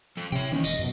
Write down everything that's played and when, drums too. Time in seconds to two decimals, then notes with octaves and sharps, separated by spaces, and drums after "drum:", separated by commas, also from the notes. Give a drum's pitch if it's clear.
0.17 F3 A4
0.32 C3 C#5 G5
0.52 D#2 D#3 E3 C#4
0.64 E1 D#5, drum: tambourine
0.79 F#2 B2